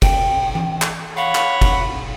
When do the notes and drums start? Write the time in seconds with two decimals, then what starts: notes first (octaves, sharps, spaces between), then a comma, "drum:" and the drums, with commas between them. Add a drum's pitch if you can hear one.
0.02 G5, drum: kick, cymbal
0.55 drum: tom E3
0.82 drum: clap
1.17 C#5 F5 F#5 B5
1.35 drum: clap
1.62 drum: kick, cymbal